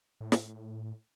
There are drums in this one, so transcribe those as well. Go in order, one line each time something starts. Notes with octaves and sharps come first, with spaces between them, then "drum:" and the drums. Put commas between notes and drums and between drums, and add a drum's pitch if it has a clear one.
A2
drum: snare